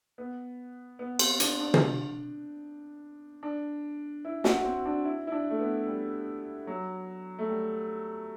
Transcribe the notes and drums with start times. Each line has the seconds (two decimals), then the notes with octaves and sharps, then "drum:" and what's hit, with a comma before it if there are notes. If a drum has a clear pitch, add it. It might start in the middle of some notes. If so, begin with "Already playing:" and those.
0.18 B3
0.99 B3
1.19 C4, drum: cymbal
1.40 D4, drum: hi-hat
1.60 D4
1.74 drum: tom
3.43 D4
4.25 E4
4.44 F#4, drum: snare
4.64 C4
4.85 D4
5.05 E4
5.27 E4
5.32 D4
5.50 A3
5.59 B3
5.87 G3
6.67 F#3
7.39 A3
7.49 G3